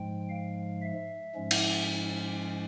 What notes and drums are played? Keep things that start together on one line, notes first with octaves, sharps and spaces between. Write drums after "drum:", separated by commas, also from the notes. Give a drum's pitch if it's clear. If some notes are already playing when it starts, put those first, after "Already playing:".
Already playing: G#2 F3 G#3 G5
F5
E5
G#2 F3 G#3 C#4
drum: cymbal